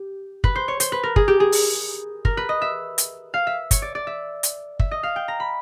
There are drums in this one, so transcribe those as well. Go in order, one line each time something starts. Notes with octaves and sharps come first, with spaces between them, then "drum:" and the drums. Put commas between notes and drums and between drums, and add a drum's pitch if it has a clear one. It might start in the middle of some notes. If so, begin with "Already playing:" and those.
Already playing: G4
B4, drum: kick
C5
C#5
C5, drum: hi-hat
B4
A#4
G#4, drum: kick
G4
G#4
drum: open hi-hat
A#4, drum: kick
B4
D#5
E5
drum: hi-hat
F5
E5
C#5, drum: kick, hi-hat
D5
D5
E5
drum: hi-hat
E5, drum: kick
D#5
F5
G5
A#5
B5